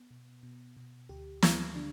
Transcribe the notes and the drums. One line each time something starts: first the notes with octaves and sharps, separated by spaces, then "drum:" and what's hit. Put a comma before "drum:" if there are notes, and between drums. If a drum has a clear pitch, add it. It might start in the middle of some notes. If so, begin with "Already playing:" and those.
Already playing: B3
B2
B2
B2
D2 G4
D2, drum: snare
D3 D4